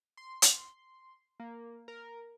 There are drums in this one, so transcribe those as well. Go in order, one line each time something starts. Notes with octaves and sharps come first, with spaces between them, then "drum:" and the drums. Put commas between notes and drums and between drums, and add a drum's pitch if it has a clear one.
C6
drum: hi-hat
A#3
A#4